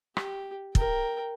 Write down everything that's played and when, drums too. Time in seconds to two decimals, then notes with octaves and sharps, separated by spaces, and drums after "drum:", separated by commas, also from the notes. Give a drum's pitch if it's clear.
0.17 G4, drum: rim click
0.75 A#4 G5, drum: kick